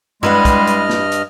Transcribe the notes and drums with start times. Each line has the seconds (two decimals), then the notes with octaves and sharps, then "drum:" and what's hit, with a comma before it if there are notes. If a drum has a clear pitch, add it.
0.23 G2 G3 G#3 E4 B4 D#5 F#5 F6, drum: tom
0.45 drum: kick, hi-hat
0.67 drum: hi-hat
0.89 drum: snare
1.12 drum: hi-hat